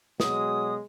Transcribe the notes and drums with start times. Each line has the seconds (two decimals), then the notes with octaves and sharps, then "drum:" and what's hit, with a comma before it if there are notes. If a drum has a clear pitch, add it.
0.20 B2 F#3 G#3 D#6, drum: snare